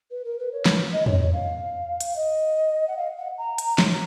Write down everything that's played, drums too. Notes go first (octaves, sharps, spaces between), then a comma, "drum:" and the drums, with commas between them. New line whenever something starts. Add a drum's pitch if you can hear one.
B4
A#4
B4
C#5
drum: snare
D#5
C#5, drum: tom
C#5
F5
drum: hi-hat
D#5
F#5
F5
F#5
A#5
A#5, drum: hi-hat
C#5, drum: snare